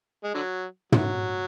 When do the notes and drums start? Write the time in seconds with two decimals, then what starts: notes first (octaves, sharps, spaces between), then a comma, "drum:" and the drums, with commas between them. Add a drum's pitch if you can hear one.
0.24 G#3
0.34 D3 F#3
0.92 F#3, drum: tom